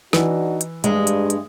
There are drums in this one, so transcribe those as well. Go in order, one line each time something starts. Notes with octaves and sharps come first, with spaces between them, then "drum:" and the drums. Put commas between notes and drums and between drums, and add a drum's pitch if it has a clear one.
E3 D4 D#4 F#4, drum: snare
drum: hi-hat
G2 G#3, drum: hi-hat
drum: hi-hat
drum: hi-hat